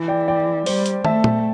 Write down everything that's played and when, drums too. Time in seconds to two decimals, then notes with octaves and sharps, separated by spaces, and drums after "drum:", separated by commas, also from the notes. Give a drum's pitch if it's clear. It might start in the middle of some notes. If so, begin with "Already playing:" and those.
Already playing: E3
0.08 D5 G5
0.28 D5 G5
0.66 G3 C5, drum: open hi-hat
0.86 drum: hi-hat
1.05 A3 E5 A5, drum: tom
1.24 drum: tom A#2